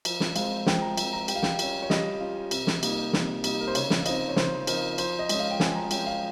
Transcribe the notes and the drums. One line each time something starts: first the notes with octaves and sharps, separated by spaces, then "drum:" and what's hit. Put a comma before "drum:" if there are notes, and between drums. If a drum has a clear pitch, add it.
F3, drum: cymbal
drum: snare
G#3 C4 F5, drum: cymbal
F3 G5, drum: snare
A#5
G#3 C4, drum: cymbal
A#5
G3 G5, drum: cymbal
F5
G5, drum: snare
C#4 F4, drum: cymbal
C#5
G3 D#5, drum: snare
C#4 F4
C3, drum: cymbal
drum: snare
G3 A#3 D#4, drum: cymbal
C3, drum: snare
G3 A#3 D#4, drum: cymbal
A#4
C5
C#3 C#5, drum: cymbal
drum: snare
F5
F3 C4 D#4 D#5, drum: cymbal
C#5
C#3 C5, drum: snare
F3 C4 D#4 A#4, drum: cymbal
F3 C5, drum: cymbal
D#5
G#3 C#4 D#5, drum: cymbal
F5
G5
F3 G#5, drum: snare
A#5
G#3 C#4 G5, drum: cymbal
F5